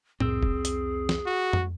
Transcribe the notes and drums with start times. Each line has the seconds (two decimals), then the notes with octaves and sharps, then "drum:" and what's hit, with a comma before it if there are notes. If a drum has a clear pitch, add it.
0.20 C2 F2 C4 G#4 E6, drum: tom A2
0.43 drum: kick
0.65 drum: hi-hat
1.09 drum: snare
1.26 F#4
1.53 drum: tom F2